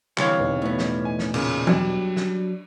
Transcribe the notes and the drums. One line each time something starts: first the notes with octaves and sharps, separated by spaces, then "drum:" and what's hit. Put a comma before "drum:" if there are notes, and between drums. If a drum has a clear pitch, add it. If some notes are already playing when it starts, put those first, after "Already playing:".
C2 D3 E3 G3 C#5 F5, drum: clap
E2 B2 D#4
A2 B3
drum: snare
G#5
drum: snare
A#2 C#3, drum: cymbal
F#3 G3 D4, drum: tom E3
drum: snare